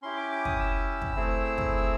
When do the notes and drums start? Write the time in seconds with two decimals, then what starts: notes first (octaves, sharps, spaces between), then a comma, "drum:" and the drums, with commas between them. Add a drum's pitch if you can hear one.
0.02 C#4 E4 G4 C6
0.17 D6
0.32 D6
0.45 D#6, drum: kick
0.60 E6
1.02 drum: kick
1.15 A3 C4 E4 G#4
1.58 drum: kick